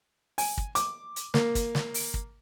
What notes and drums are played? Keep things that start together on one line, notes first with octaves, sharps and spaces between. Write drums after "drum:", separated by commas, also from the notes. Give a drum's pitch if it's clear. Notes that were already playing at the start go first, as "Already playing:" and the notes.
G#5, drum: open hi-hat
drum: kick
D6, drum: hi-hat
drum: hi-hat
A#3, drum: snare
drum: kick, hi-hat
drum: snare
drum: open hi-hat
drum: kick